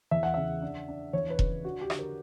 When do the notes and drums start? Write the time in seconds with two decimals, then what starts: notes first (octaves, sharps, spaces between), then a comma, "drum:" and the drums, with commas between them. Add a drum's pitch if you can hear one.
0.11 E2 E5
0.23 F#5
0.34 C#3 E5
0.62 D4
0.88 D4
1.13 E2 C#5
1.30 B4
1.39 C#3, drum: kick E1
1.65 D4 F#4
1.81 G4
1.90 D3, drum: rim click
1.99 A#4